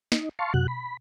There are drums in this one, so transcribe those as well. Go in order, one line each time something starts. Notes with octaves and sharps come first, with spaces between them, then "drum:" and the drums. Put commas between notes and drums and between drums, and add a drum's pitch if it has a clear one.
D#4, drum: snare
F5 A5 C6 C#6
F#2 F#4 F#6, drum: tom B2
B5